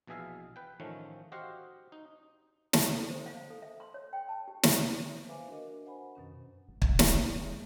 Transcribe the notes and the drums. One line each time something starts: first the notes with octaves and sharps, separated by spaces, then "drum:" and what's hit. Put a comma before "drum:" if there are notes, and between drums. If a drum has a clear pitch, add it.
A#1 B2 E3 G#4 E5 F5
B4 G5
A1 D#3 F3 A3 C#4
F#4 G4 C5 D#5 F5 F#5
D#4
A5, drum: snare
A4
C5
F5
A4
E5
C6
C#5
G5
A5
G4
C5, drum: snare
B4 C5 E5 F5 G#5 D6
D4 F#4 A#4 D#5
C5 F#5 G#5 B5
F#2 B2 D#3 C#4
G1
D3, drum: kick
C2, drum: snare
D#2
F#2
G#3